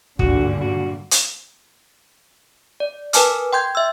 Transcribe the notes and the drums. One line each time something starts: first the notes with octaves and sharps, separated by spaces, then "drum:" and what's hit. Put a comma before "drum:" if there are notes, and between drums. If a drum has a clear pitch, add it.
G#1 D2 G2 A#2 D3 G3 F#4, drum: kick
F#4
drum: hi-hat
D5
A#4 B4 G#5 A5 D6 F6, drum: hi-hat
G5 C6 G6 G#6
E5 E6